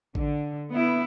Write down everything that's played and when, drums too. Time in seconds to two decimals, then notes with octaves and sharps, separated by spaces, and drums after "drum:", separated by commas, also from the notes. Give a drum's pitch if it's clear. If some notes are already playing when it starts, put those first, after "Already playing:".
0.15 D3, drum: kick A1
0.73 B3 E4